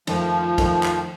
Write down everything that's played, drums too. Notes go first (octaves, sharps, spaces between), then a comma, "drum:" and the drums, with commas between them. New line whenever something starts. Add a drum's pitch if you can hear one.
F2 D#3 F3 A3, drum: cymbal
F2 D#3 A3, drum: kick, cymbal
drum: clap